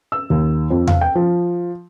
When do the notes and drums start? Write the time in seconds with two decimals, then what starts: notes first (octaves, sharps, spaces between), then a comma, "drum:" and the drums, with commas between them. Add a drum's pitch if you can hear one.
0.12 E6
0.30 D#2
0.70 F2
0.87 F5, drum: tom E2
1.01 G5
1.15 F3